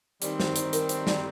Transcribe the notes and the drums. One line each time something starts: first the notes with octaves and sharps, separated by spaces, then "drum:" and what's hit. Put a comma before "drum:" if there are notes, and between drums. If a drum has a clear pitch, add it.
D#3 G3 C4 D5, drum: hi-hat
C5, drum: snare
C5, drum: hi-hat
A#4, drum: hi-hat
C5, drum: hi-hat
D5, drum: snare